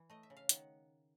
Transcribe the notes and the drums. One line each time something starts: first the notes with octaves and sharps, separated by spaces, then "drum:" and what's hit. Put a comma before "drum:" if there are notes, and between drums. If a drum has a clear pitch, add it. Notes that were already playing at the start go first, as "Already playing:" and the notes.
Already playing: E3
A3 D#5
E5
C#3
F5
D#3 F#5, drum: hi-hat